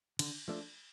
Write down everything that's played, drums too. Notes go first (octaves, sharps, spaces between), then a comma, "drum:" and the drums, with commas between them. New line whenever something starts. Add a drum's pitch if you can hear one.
D3, drum: cymbal
F3 A3 D4